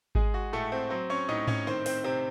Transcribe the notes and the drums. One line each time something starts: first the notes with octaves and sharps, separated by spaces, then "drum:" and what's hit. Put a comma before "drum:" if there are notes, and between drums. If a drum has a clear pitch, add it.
G#3 G#4, drum: kick G#1
F#4
A2 A3 A4
C4 C5
F#3 C4 C5
C#4 C#5
A2 D#4 D#5
C#4 C#5, drum: tom G#2
D#3 C4 C5
C4 C5, drum: open hi-hat
C3 C4 C5